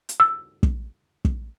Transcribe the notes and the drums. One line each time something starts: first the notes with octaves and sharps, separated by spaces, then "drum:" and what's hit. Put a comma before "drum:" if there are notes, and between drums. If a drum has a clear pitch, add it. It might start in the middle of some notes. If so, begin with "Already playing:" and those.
drum: hi-hat
E6
drum: kick
drum: kick